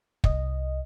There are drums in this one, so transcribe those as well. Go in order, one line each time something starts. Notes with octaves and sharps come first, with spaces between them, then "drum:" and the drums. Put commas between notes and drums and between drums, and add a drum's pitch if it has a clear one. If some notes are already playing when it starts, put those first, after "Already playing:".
C2 D#5, drum: kick